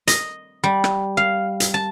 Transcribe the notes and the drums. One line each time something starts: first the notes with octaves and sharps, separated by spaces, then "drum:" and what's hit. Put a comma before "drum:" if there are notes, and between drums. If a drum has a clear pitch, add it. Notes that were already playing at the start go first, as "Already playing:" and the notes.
D#5, drum: hi-hat
G3
drum: rim click
F5
drum: hi-hat
A5